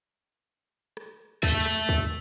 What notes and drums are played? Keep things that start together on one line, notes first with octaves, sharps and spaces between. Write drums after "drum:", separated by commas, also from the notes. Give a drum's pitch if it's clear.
drum: rim click
E5 A5, drum: kick
drum: rim click
drum: kick